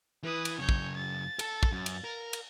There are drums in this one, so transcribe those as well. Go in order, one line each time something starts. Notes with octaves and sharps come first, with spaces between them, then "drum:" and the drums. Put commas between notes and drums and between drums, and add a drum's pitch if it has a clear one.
E3 B4 D#6
drum: cymbal
F#2 C#3 C#5 G6
drum: kick
A6
A4 A5, drum: cymbal
drum: kick
F#2
drum: cymbal
A#4
drum: cymbal